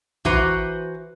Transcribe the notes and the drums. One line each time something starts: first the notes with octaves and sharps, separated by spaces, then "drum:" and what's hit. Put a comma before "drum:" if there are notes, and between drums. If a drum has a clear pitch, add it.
E3 F#4 B4 C5 A#5, drum: kick